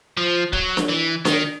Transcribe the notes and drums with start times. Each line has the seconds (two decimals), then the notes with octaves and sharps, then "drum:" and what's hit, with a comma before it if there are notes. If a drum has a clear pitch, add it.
0.17 F3
0.53 F#3, drum: kick
0.77 drum: snare D4
0.89 E3
1.25 D#3, drum: snare D4